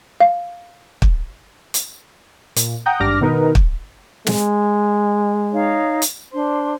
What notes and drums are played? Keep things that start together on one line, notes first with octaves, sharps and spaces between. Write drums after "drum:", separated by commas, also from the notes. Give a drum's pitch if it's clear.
F5
drum: kick
drum: hi-hat
A#2, drum: hi-hat
F#5 G5 A#5 D#6 G6
G#1 G2 D4 D6 F6 A#6
B2 D#3 B3 D#4 A#4 B4
drum: kick
G#3, drum: snare
D#4 C#5 F5
drum: hi-hat
D4 C5 C6